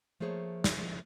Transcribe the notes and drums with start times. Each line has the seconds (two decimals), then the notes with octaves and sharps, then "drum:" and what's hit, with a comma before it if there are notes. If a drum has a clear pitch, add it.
0.20 F3 A3 A#3 G#4 C5 C#5
0.64 drum: snare